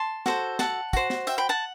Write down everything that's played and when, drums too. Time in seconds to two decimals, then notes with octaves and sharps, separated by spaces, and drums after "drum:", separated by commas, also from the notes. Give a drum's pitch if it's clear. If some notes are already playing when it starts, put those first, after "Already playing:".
Already playing: A5 C6
0.26 F#4 A4 C5, drum: snare
0.59 F#5 A5, drum: snare
0.93 F#4 C5, drum: kick, tambourine
1.10 drum: snare
1.27 E5 G5, drum: tambourine
1.38 G5 B5
1.49 F#5 A5